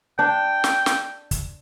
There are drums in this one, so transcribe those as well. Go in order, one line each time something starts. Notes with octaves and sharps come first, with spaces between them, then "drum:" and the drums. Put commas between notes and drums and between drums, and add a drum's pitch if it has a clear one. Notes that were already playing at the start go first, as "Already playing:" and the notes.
D4 G5
drum: snare
drum: snare
drum: kick, hi-hat